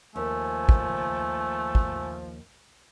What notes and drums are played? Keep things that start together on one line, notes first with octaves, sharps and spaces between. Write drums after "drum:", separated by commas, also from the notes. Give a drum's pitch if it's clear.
D#2 F3 A3 G#5
drum: kick
drum: kick